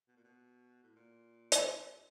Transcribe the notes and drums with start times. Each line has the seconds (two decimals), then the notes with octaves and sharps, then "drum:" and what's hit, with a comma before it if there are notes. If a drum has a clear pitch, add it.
0.08 B2
0.16 A#2
0.24 B2
0.83 A2
0.96 A#2
1.52 drum: hi-hat
1.66 E2
1.83 F2